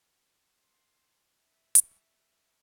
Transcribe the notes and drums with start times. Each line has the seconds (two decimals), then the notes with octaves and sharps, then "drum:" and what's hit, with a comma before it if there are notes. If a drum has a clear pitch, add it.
0.57 C6
1.40 E5
1.75 drum: hi-hat